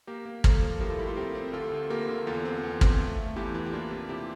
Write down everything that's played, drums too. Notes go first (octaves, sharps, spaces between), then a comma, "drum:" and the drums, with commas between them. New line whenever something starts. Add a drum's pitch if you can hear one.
A#3 G4 A#4
A#3
A#3 A4 C5, drum: kick
F3
A2 G4 A#4
F4 A4
G3 E4 G4
F4 A4
C4 G4 A#4
C4
D2 F4 A4
D2
A#3 G4 A#4
D3
E2 F4 A4
C4
E2
C4, drum: kick
A3
A3
E2 E4 G4
E3
G4
A#3 D4 F4
C3
C3 E4 G4